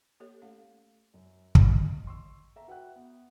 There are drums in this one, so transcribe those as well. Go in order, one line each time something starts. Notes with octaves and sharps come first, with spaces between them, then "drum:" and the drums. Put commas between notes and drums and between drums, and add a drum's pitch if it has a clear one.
A#3 G4 A4 C#5
A3 C#4 A4 F5
F#2
D#5, drum: kick
C6 C#6 E6
A4 E5 A#5
F#4 B4 E5 F#5 G5 F#6
B3